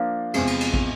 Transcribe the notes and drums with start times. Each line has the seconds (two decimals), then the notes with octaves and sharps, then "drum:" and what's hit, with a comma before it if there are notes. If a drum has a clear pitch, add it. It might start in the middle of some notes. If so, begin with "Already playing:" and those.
Already playing: F3 A#3 D4 F5
0.34 E2 C3 F3 G#3, drum: cymbal
0.47 drum: cymbal
0.60 drum: cymbal
0.74 drum: kick